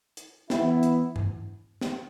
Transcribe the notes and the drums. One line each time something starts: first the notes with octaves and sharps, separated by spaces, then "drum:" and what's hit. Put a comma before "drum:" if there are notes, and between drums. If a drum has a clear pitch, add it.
drum: hi-hat
E3 B3 E4, drum: snare
drum: hi-hat
drum: tom G2
drum: snare